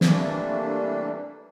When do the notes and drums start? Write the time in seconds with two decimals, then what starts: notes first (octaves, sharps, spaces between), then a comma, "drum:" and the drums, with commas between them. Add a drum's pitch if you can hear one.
0.01 C3 E3 G3 A3 A#3 D4, drum: snare